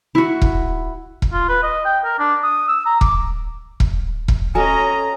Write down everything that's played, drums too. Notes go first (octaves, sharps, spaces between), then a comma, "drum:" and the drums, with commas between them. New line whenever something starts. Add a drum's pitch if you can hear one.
E4 F#4
drum: kick E1
drum: kick E1
F4
B4
D#5
G5
A#4
D4
D#6
E6
A#5
D6, drum: kick E1
drum: kick E1
drum: kick E1
C#4 F#4 A4 D#5 G#5 A#5